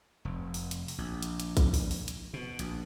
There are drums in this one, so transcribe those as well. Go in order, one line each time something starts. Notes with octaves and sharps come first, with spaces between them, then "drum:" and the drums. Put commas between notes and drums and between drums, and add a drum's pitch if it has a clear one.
F1
drum: open hi-hat
drum: hi-hat
drum: open hi-hat
A#1
drum: hi-hat
drum: hi-hat
drum: kick A#1, hi-hat
drum: open hi-hat
drum: open hi-hat
drum: hi-hat
B2
A#1, drum: hi-hat